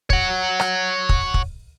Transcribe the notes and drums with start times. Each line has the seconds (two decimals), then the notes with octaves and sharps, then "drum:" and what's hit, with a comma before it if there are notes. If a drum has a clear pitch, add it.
0.10 C#5 F#5, drum: kick
0.60 drum: rim click
1.09 drum: kick
1.34 drum: kick